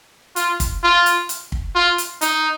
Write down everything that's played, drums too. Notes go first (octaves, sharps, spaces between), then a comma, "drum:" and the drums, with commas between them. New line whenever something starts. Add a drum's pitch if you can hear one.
F4, drum: hi-hat
drum: kick, hi-hat
F4
drum: hi-hat
drum: hi-hat
drum: kick
F4
drum: hi-hat
D#4, drum: hi-hat